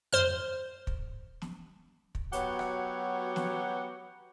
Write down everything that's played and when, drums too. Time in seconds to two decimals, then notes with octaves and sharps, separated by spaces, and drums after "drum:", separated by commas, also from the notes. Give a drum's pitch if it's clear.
0.13 C5 F6, drum: tom F2
0.87 drum: kick
1.42 drum: snare
2.15 drum: kick
2.33 F#3 B3 F#4 G4 C#5 F#5, drum: hi-hat
2.59 drum: rim click
3.36 drum: snare